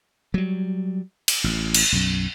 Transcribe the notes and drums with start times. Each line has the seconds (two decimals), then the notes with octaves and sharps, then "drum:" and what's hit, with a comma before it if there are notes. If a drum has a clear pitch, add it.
0.34 F#3 G3
1.28 drum: cymbal
1.44 A1
1.74 drum: cymbal
1.92 B1 F#2